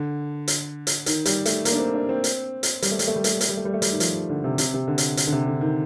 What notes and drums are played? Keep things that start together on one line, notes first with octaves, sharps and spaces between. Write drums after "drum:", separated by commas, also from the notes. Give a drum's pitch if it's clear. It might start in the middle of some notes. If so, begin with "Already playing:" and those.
Already playing: D3
drum: hi-hat
drum: hi-hat
D#3, drum: hi-hat
G3, drum: hi-hat
A3, drum: hi-hat
A#3, drum: hi-hat
D4
C4
D4
C4
drum: hi-hat
drum: hi-hat
G3, drum: hi-hat
A3
G3, drum: hi-hat
A3
G3
A3, drum: hi-hat
G3
A3, drum: hi-hat
G3
A3
G3
A3
G3, drum: hi-hat
D#3
F3, drum: hi-hat
D3
C3
C3, drum: hi-hat
C3
D3
drum: hi-hat
drum: hi-hat
D3
C3
D3
D#3